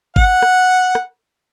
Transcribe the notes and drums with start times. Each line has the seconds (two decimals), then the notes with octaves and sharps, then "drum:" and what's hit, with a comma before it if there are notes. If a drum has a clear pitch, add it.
0.16 F#5, drum: kick
0.42 drum: rim click
0.95 drum: rim click